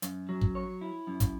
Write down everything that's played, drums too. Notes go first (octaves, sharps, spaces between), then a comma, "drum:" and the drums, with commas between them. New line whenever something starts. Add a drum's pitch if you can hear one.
F#2, drum: hi-hat
F#3
drum: kick
C#5
E4
F#2
drum: kick, hi-hat